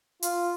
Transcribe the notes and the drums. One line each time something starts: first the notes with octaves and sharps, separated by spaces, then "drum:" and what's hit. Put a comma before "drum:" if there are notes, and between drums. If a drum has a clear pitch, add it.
F4, drum: hi-hat